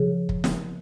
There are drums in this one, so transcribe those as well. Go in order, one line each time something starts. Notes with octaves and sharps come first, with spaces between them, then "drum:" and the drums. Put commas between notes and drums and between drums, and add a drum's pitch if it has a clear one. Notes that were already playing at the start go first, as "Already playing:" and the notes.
Already playing: C#3 F3 G#4
drum: kick
drum: snare